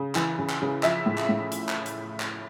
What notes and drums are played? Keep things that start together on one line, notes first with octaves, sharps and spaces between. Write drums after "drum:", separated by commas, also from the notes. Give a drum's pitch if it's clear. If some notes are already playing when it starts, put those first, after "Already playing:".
Already playing: C#3
E3, drum: clap
C#3
drum: clap
C#3
F3 E5, drum: clap
A2
drum: clap
A2
drum: hi-hat
drum: clap
drum: hi-hat
drum: clap